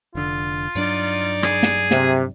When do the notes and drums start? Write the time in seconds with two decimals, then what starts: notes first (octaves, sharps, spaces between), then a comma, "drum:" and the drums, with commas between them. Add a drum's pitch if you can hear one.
0.15 F1 D3 F4
0.75 G2 F#3 D4 D#4 D5
1.43 G#4, drum: rim click
1.63 drum: snare
1.91 C3, drum: snare